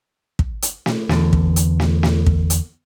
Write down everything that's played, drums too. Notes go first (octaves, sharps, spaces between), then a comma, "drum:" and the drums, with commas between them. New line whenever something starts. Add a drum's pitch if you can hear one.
drum: kick
drum: hi-hat
drum: snare
E2 D3, drum: snare
drum: kick
drum: hi-hat
drum: snare
drum: snare
drum: kick
drum: hi-hat